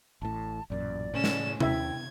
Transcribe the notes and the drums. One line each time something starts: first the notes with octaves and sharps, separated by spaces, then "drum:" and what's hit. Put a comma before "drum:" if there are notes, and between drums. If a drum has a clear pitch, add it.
A1 A2 A5
A1 F#2 A#2 D5
A2 C#3 C#4 E7
drum: snare
D#2 C#4 E4 E5 G5 G#6, drum: tom C3